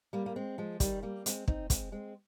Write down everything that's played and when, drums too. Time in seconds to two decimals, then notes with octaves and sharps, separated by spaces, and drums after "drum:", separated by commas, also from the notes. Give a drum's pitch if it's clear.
0.13 G3 A#3
0.26 A#3
0.36 G#3 C4
0.58 F3 G#3
0.80 D#3 G3, drum: kick, hi-hat
1.02 G3 A#3
1.26 G#3 C4, drum: hi-hat
1.48 C4 D#4, drum: kick
1.70 G#3 C4, drum: kick, hi-hat
1.92 G#3 C4